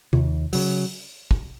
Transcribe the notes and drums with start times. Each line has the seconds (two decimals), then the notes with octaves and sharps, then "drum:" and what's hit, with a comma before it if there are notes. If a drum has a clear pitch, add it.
0.13 D#2, drum: tom C3
0.53 C#3 F#3, drum: open hi-hat
1.31 drum: kick